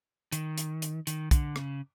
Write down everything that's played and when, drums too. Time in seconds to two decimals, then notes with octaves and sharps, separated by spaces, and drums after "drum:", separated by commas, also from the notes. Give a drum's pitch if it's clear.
0.32 D#3, drum: hi-hat
0.58 drum: hi-hat
0.82 drum: hi-hat
1.07 D#3, drum: hi-hat
1.31 D3, drum: kick, hi-hat
1.56 C#3, drum: rim click